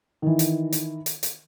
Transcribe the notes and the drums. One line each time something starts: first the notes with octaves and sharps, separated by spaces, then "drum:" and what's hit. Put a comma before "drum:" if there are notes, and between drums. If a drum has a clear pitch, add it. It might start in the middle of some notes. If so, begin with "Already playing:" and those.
D#3 E3
drum: hi-hat
drum: hi-hat
drum: hi-hat
drum: hi-hat